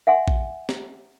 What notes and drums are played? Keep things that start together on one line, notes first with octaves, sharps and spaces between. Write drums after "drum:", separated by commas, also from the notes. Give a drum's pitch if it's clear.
E5 F#5 G#5 C6
drum: kick A#1
drum: snare